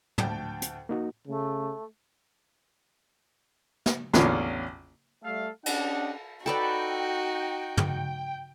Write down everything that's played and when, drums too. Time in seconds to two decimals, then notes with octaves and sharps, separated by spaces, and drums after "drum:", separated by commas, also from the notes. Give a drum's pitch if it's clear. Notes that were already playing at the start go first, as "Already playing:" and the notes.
0.18 D2 G5 A5, drum: tom
0.62 drum: hi-hat
0.89 A#3 D#4 F#4
1.27 C#3 A3
3.86 drum: snare
4.14 A1 E2 D3 C#4 F4, drum: snare
5.24 G3 A3 A4 E5 F5
5.66 C#4 D4 G4 D#5 F#5, drum: cymbal
6.46 D#4 F#4 A4 B4 D5 G5
7.77 drum: tom